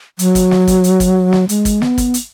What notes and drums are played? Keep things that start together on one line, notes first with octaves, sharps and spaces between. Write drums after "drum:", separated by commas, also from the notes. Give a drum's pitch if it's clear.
F#3, drum: hi-hat
drum: kick G#1, hi-hat
drum: snare
drum: kick G#1, hi-hat
drum: hi-hat
drum: kick G#1, hi-hat
drum: snare
G#3, drum: hi-hat
drum: kick G#1, hi-hat
B3, drum: snare
drum: kick G#1, hi-hat
drum: hi-hat